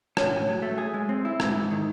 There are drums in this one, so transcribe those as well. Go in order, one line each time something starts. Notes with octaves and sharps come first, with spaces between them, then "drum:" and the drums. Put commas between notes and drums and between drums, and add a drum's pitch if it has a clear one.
C#4, drum: rim click
A2
F#3
A3
G#4
G#3
C4
E4
G#2, drum: rim click
G#2
D#3